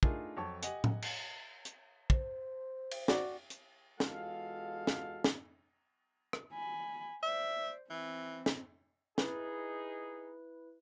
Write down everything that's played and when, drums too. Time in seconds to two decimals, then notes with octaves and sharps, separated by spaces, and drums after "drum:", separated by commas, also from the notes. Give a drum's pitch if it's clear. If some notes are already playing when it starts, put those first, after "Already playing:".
0.03 A3 D4 D#4 F4 G#4 A#4, drum: kick
0.37 F2 F#3 C#5 A5 C#6
0.62 G4 D#5 F#5 G#5, drum: hi-hat
0.84 drum: tom A2
1.02 drum: cymbal
1.65 drum: hi-hat
2.10 C5, drum: kick
2.91 drum: cymbal
3.08 F#4 D5, drum: snare
3.50 drum: hi-hat
4.00 E2 G#3 F4 F#4 A4 F5, drum: snare
4.87 drum: snare
5.24 drum: snare
6.33 drum: rim click
6.53 G#5 B5
7.23 C5 D5 E5
7.90 E3 C4
8.46 drum: snare
9.18 D#4 E4 G#4 B4, drum: snare